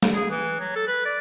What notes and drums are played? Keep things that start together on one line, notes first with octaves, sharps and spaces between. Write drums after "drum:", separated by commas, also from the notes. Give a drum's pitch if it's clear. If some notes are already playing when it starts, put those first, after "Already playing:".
drum: snare
G#4
E3
F#3
A4
B4
D5